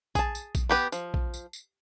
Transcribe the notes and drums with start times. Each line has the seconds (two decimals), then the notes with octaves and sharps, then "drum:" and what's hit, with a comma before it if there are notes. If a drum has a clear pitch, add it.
0.15 G#4 A5, drum: kick, tambourine
0.35 drum: tambourine
0.55 drum: kick, tambourine
0.69 B3 G4 B4
0.92 F3, drum: tambourine
1.14 drum: kick
1.34 drum: tambourine
1.53 drum: tambourine